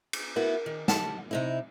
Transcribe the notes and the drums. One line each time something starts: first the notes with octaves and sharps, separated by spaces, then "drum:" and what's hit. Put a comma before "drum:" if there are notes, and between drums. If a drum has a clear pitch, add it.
drum: cymbal
B3 E4 F#4 A#4
D#3
G4 F#5 A5, drum: snare
C3 D#4 E4